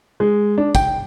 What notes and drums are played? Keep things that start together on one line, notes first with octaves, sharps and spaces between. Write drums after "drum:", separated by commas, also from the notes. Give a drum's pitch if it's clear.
G#3
D4
G5, drum: kick, tambourine